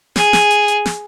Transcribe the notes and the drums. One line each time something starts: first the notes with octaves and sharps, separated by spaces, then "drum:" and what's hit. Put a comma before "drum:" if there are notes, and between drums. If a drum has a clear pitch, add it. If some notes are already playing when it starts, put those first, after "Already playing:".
G#4, drum: snare
drum: snare
drum: hi-hat
drum: hi-hat
drum: snare